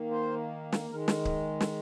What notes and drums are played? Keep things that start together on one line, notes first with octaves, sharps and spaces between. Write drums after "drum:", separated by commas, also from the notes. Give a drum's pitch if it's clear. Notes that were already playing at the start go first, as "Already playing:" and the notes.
Already playing: D#3 A#3
C5
drum: snare
D#3 G#3 A#4
drum: snare
drum: kick C#1
drum: snare